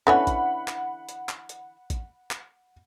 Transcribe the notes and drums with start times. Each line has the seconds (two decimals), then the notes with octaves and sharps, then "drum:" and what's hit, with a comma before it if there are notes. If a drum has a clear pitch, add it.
0.07 D3 E3 C#4 F#5 B5
0.27 drum: kick, hi-hat
0.68 drum: clap
1.09 drum: hi-hat
1.29 drum: clap
1.49 drum: hi-hat
1.90 drum: kick, hi-hat
2.31 drum: clap